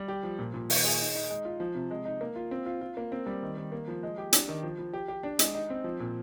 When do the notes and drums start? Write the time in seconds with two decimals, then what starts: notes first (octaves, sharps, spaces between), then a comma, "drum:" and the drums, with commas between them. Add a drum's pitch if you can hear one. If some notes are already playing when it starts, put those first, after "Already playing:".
Already playing: G3
0.08 G4
0.23 F3
0.39 A#2
0.54 A#2
0.70 D#3, drum: open hi-hat
0.85 G#4
0.99 D#4
1.15 D#4
1.30 G#3
1.45 F4
1.60 F3
1.75 C3
1.91 G#3
2.05 D#4
2.21 A#3
2.36 F4
2.51 C4
2.66 F4
2.81 F4
2.97 A#3
3.12 C4
3.26 G3
3.43 D#3
3.57 D#3
3.72 A#3
3.88 F3
4.03 G#3
4.18 G4
4.33 D4, drum: hi-hat
4.49 D#3
4.63 F3
4.79 F3
4.93 G4
5.08 G4
5.23 D4
5.39 G#3, drum: hi-hat
5.55 D#4
5.70 C4
5.84 F3
6.00 A#2